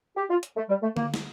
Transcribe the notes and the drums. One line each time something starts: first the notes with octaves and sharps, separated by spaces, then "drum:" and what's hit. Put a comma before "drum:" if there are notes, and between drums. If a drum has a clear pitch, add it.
G4
F4
drum: hi-hat
A3
G3
A3
A#3, drum: tom D3
drum: snare